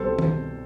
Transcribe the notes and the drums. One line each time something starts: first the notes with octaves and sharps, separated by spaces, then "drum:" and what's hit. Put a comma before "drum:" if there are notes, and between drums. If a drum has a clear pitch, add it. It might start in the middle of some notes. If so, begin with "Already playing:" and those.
Already playing: C2 B2 G3 A4 C5
drum: tom